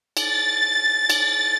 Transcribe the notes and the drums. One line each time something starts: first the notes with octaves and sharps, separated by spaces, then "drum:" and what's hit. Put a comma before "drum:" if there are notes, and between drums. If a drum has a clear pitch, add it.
A6, drum: cymbal
drum: cymbal